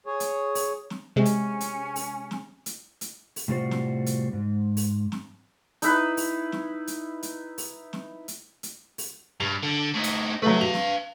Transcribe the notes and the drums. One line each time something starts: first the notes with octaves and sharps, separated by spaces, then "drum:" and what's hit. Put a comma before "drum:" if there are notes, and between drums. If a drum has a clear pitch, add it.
G#4 C#5
drum: hi-hat
drum: open hi-hat
drum: snare
C3 G#3 C#4
drum: hi-hat
drum: hi-hat
drum: open hi-hat
drum: snare
drum: hi-hat
drum: hi-hat
drum: open hi-hat
A2 C3 G3 F4 F#4 C5
drum: snare
drum: hi-hat
G#2
drum: open hi-hat
drum: snare
D#4 E4 B4, drum: hi-hat
drum: open hi-hat
drum: snare
drum: hi-hat
drum: hi-hat
drum: open hi-hat
drum: snare
drum: hi-hat
drum: hi-hat
drum: open hi-hat
G2 F7
D3
A2 D#4
drum: hi-hat
F#3 A3 B4 F5
F7
drum: snare